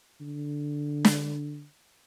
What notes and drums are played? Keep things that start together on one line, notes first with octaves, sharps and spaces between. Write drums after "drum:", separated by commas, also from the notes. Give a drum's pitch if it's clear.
D3
drum: snare